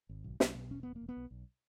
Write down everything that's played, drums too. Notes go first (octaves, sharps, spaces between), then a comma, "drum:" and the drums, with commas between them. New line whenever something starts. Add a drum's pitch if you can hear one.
G#1
B1
B1, drum: snare
B2
E1 C#4
E1 B3
A#3
E1
B3
B1
B1